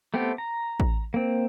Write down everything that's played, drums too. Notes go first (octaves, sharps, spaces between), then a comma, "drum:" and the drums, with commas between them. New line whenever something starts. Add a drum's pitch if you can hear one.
A3 B3 C4 G4
A#5
drum: kick A1
A#3 C4